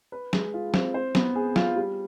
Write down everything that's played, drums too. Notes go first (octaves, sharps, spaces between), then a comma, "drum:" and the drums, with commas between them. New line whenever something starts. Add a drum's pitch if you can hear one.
B4
G#3, drum: snare
F4
C4, drum: snare
C5
B3, drum: snare
G#4
F4, drum: snare
G3